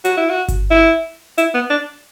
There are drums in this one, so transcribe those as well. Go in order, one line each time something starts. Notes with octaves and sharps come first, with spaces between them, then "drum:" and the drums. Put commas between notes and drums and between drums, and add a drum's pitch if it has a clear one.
F#4, drum: hi-hat
E4
F#4
drum: kick G1, hi-hat
E4
E4, drum: hi-hat
B3
D4